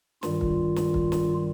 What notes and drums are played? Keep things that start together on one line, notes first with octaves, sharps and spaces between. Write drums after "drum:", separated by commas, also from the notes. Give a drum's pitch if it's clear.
G2 D#3 G3 F4, drum: snare
drum: kick
drum: snare
drum: kick
drum: snare